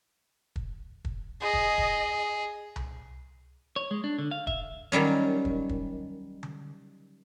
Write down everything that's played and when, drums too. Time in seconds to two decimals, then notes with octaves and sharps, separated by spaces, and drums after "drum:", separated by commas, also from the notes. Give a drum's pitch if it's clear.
0.56 drum: kick
1.05 drum: kick
1.42 G#4 D#5
1.54 drum: kick
1.78 drum: kick
2.76 drum: tom C2
3.76 C#5
3.91 G#3
4.04 D4
4.19 D3
4.31 F5
4.47 E5, drum: kick
4.92 D#3 F#3 G3 C#4
5.45 drum: kick
5.69 drum: kick
6.43 drum: tom D3